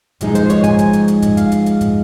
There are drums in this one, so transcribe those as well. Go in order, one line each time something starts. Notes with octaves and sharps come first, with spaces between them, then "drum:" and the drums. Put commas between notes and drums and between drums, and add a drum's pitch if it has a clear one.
G#2 F3 G#3 D#4, drum: hi-hat
C5, drum: hi-hat
C#5, drum: hi-hat
G#5, drum: kick, hi-hat
drum: hi-hat
drum: hi-hat
drum: hi-hat
drum: kick, hi-hat
F5, drum: hi-hat
drum: hi-hat
drum: hi-hat
drum: kick, hi-hat